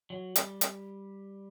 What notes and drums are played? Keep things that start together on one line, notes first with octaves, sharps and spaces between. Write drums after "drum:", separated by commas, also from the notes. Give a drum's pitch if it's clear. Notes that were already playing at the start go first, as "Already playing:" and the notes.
F#3
G3, drum: hi-hat
drum: hi-hat